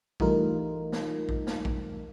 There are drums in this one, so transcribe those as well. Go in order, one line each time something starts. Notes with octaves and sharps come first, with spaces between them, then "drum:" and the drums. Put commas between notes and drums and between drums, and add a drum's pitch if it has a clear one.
E3 G3 A3 D#4 F4 A#4, drum: kick A#1
drum: snare
drum: kick A#1
drum: snare
drum: kick A#1